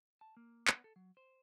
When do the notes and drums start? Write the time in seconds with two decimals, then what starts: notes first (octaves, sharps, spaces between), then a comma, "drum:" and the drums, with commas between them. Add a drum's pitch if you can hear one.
0.21 A5
0.37 A#3
0.68 B3, drum: clap
0.84 A4
0.96 F#3
1.17 C5